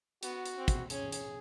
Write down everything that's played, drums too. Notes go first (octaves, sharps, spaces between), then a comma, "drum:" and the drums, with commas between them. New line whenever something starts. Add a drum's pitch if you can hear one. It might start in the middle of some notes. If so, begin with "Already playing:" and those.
B3 F#4, drum: hi-hat
drum: hi-hat
C4
drum: kick, hi-hat
C#4 G#4, drum: hi-hat
drum: hi-hat